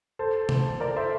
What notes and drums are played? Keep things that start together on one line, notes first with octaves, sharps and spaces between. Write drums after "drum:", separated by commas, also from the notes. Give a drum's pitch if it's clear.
A4 C5
drum: tom
A#4 D5
C5 E5